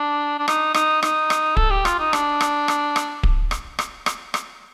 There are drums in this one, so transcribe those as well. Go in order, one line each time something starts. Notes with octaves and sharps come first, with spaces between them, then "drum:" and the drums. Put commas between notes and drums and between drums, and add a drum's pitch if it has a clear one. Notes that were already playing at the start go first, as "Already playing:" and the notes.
Already playing: D4
D4
D#4, drum: rim click
D#4, drum: rim click
D#4, drum: rim click
drum: rim click
A4, drum: kick D1
G4
F4, drum: rim click
D#4
D4, drum: rim click
drum: rim click
drum: rim click
drum: rim click
drum: kick D1
drum: rim click
drum: rim click
drum: rim click
drum: rim click